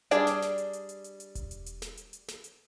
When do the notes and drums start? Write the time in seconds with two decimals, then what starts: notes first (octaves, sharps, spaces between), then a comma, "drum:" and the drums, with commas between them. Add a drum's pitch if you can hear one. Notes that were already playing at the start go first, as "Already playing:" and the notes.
0.11 G3 D4 G#4 D5, drum: hi-hat
0.27 drum: snare
0.42 drum: snare
0.58 drum: hi-hat
0.73 drum: hi-hat
0.89 drum: hi-hat
1.04 drum: hi-hat
1.20 drum: hi-hat
1.35 drum: kick E1, hi-hat
1.51 drum: hi-hat
1.66 drum: hi-hat
1.82 drum: snare
1.97 drum: hi-hat
2.13 drum: hi-hat
2.28 drum: snare
2.44 drum: hi-hat